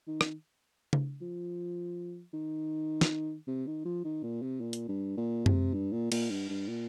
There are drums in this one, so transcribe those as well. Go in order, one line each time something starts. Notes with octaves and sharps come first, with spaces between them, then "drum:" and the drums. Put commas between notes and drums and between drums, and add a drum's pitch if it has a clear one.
D#3
drum: rim click
drum: tom C#3
F3
D#3
drum: snare
C3
D#3
F3
D#3
A#2
C3
A#2
drum: hi-hat
G2
A#2
C3, drum: tom F#2
G2
A#2
A#2, drum: cymbal
G2
G2
A#2